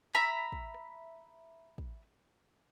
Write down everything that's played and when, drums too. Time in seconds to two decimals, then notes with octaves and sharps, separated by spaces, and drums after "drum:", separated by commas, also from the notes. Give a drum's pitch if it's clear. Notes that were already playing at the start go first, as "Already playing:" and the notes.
0.15 E5 A#5 B5, drum: clap
0.52 drum: kick
0.74 drum: rim click
1.78 drum: kick